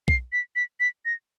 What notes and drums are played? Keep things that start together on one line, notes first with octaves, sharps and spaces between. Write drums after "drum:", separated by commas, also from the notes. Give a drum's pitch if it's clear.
C7, drum: kick B1
B6
B6
B6
A#6